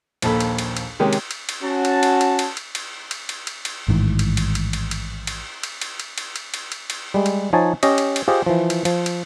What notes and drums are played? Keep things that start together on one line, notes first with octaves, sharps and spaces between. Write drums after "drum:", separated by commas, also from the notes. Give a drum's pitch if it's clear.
A#1 D#2 A4 B5, drum: cymbal
drum: cymbal
drum: cymbal
drum: cymbal
C3 D#3 G#3 C#4 G4
drum: cymbal
drum: cymbal
drum: cymbal
C#4 F#4 A5
drum: cymbal
drum: cymbal
drum: cymbal
drum: cymbal
drum: cymbal
drum: cymbal
drum: cymbal
drum: cymbal
drum: cymbal
drum: cymbal
A1 G#2 D#3 E3
drum: cymbal
drum: cymbal
drum: cymbal
drum: cymbal
drum: cymbal
drum: cymbal
drum: cymbal
drum: cymbal
drum: cymbal
drum: cymbal
drum: cymbal
drum: cymbal
drum: cymbal
drum: cymbal
G3 G#3
drum: cymbal
F3 D#4 C#5 G#5 A5
C#4 G4 D#5, drum: cymbal
drum: cymbal
drum: cymbal
F4 G4 G#4 C5 D#5
E3 F3
drum: cymbal
F3, drum: cymbal
drum: cymbal